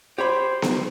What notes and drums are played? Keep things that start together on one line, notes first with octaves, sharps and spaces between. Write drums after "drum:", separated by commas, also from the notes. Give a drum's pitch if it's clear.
G4 C5 C#5 B5
drum: snare B3